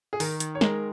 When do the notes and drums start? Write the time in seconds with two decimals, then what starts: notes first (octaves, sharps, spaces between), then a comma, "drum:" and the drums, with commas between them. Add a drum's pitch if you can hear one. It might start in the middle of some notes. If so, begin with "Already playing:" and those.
0.13 G#4
0.20 D#3 A#4, drum: open hi-hat
0.40 D#3, drum: hi-hat
0.55 C#5
0.61 G#3 A#4, drum: snare